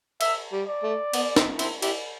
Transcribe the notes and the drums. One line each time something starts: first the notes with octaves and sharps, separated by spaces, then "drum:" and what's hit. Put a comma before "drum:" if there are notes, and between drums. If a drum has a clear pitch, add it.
E5, drum: cymbal
G3
D5
A3
B3, drum: cymbal
C4, drum: snare
C4 E4, drum: cymbal
E4 G4, drum: cymbal